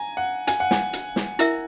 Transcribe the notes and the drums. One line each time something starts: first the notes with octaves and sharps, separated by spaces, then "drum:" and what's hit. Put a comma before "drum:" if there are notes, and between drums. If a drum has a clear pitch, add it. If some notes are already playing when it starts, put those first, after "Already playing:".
Already playing: G#5 A#5
F#5
G#5, drum: hi-hat
F#5
G#5, drum: snare
drum: hi-hat
drum: snare
E4 A#4 E5, drum: hi-hat